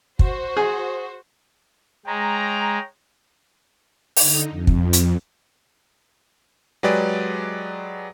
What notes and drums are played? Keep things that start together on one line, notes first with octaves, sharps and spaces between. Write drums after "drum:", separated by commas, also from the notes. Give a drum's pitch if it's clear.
F#4 C5, drum: kick
G#4
G#3 C#5 G5 A#5
D3 D#4, drum: open hi-hat
F2
drum: kick
drum: hi-hat
F#3 G#3 G4 G#4 B4 D5